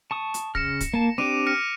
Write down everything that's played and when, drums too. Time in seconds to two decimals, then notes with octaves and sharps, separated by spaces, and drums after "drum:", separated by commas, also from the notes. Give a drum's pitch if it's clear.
0.11 A5 C#6 D#6
0.34 drum: hi-hat
0.55 C#3 F6 A#6 C#7 E7, drum: kick
0.80 drum: kick, hi-hat
0.94 A#3 A5
1.18 C4 D4 G4 D6 D7 D#7
1.47 F6 A#6 C#7